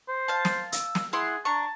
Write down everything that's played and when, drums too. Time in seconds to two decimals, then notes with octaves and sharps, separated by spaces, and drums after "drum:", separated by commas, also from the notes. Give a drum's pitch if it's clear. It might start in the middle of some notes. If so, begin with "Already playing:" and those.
0.08 C5
0.28 F5 A5
0.45 drum: snare
0.72 E6, drum: hi-hat
0.95 drum: snare
1.13 E4 G#4 F#5 C6
1.45 D4 A5 A#5 C#6